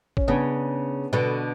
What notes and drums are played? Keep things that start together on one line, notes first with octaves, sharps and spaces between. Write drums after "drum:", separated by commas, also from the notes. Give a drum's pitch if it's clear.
C#4, drum: kick
C#3 B3 D4
B2 D3